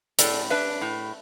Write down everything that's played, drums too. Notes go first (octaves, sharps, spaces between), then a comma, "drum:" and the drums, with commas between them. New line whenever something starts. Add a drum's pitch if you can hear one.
A2 A4 D5, drum: hi-hat
D4 B4 E5
A2